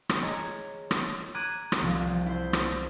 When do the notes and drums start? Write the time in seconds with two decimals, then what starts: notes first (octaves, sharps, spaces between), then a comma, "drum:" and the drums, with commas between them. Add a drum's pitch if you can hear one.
0.09 drum: rim click
0.22 G#3 C#5 A#5
0.91 drum: rim click
1.34 A#5 D6 F#6 G#6 D#7
1.72 drum: rim click
1.82 C2 F3 A5
2.26 E4 C5
2.53 drum: rim click